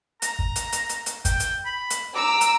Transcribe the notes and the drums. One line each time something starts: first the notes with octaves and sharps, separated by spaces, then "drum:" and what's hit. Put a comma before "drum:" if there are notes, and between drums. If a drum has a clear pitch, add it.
A#5, drum: hi-hat
drum: kick
drum: hi-hat
drum: hi-hat
drum: hi-hat
drum: hi-hat
G5, drum: kick, hi-hat
drum: hi-hat
B5
drum: hi-hat
A#5 D6 E6
drum: hi-hat